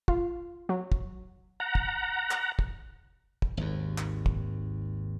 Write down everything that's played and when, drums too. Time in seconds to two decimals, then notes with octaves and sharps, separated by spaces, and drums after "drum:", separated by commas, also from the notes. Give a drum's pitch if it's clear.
0.08 F4, drum: kick
0.69 F#3
0.92 drum: kick
1.60 F#5 A#5
1.75 drum: kick
2.31 drum: clap
2.59 drum: kick
3.42 drum: kick
3.57 G#1 D#2
3.98 drum: clap
4.26 drum: kick